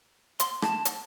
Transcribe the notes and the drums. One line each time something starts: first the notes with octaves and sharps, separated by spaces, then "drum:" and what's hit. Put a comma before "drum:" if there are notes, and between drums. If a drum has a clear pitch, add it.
C6, drum: hi-hat
A5, drum: rim click
drum: hi-hat